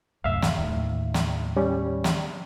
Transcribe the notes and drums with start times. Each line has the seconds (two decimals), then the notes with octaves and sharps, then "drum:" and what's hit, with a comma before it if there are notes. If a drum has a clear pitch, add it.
0.24 C2 F#2 A2 E5 F5
0.42 drum: snare
0.58 D#2 A2
1.14 drum: snare
1.57 G3 C#4
2.04 drum: snare